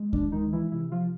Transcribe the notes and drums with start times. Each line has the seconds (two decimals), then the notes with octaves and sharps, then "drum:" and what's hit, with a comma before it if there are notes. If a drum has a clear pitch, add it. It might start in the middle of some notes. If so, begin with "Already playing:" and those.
Already playing: G#3
0.13 D4, drum: kick D2
0.32 D#3 G#3 D#4
0.52 E3 E4
0.71 C3 E3 E4
0.92 F3 F4